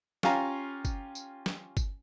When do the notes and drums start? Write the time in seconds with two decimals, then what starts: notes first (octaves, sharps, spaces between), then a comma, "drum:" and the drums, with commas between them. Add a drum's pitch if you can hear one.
0.23 C#4 F4 G4 F5 G#5 A#5, drum: snare
0.85 drum: kick G1, tambourine
1.15 drum: tambourine
1.46 drum: snare
1.77 drum: kick G1, tambourine